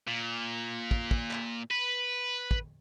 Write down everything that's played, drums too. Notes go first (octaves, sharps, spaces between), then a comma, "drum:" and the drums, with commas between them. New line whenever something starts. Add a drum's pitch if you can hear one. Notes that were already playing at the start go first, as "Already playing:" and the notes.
A#2
drum: kick
drum: kick
drum: clap
B4
drum: kick